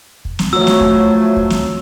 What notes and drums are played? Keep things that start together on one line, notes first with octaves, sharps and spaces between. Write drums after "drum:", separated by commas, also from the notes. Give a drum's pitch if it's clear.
drum: kick
drum: snare
F3 F#3 A3 F#4 C#5 E6
drum: snare
drum: kick
drum: kick
drum: snare